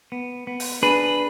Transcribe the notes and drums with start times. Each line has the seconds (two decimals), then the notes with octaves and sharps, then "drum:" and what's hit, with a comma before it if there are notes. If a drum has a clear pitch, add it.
0.12 B3
0.47 B3
0.60 drum: open hi-hat
0.82 D4 G#4 B4